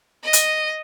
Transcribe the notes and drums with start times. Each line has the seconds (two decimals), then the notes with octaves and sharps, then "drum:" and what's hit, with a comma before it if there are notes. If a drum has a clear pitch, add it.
0.23 D#5
0.33 drum: hi-hat